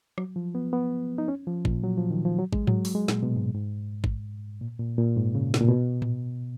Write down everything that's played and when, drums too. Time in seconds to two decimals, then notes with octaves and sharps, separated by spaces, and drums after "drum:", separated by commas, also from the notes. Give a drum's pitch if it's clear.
0.18 F#3, drum: rim click
0.36 F3
0.55 B3
0.73 B3
1.18 D#4
1.28 C#4
1.47 F3
1.65 A#2, drum: kick
1.84 F#3
1.98 F3
2.11 D#3
2.25 F3
2.38 F#3
2.53 G#3, drum: kick
2.67 F#3, drum: tom G#2
2.85 drum: open hi-hat
2.95 G#3
3.08 A#2, drum: snare
3.23 B2
3.36 G#2
3.54 G#2
4.04 drum: kick
4.61 A#2
4.80 A#2
4.98 A#2
5.17 G#2
5.35 C#3
5.54 B2, drum: snare
5.61 A#2
5.69 B2
6.02 drum: tom A2